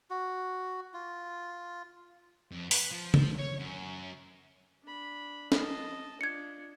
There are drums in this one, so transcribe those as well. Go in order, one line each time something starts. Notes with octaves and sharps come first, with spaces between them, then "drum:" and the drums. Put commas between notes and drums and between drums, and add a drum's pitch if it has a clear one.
F#4
F4
F2
B4, drum: open hi-hat
F3
drum: tom C#3
C#5
F#2
D4 B5
D#5 A5, drum: snare
D4 F4 G#6 C#7